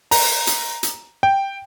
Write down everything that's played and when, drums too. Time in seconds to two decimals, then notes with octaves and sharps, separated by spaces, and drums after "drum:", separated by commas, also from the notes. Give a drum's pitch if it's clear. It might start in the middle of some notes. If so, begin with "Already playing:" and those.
0.11 A#5, drum: open hi-hat
0.47 drum: hi-hat
0.83 drum: hi-hat
1.23 G5